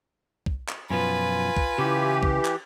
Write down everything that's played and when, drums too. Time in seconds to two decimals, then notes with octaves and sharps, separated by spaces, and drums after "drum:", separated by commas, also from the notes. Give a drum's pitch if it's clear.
0.46 drum: kick
0.68 drum: clap
0.90 F#2 B2 F3 F4 B4 G#5
1.57 drum: kick
1.78 C#3 E3 G4
2.23 drum: kick
2.45 drum: clap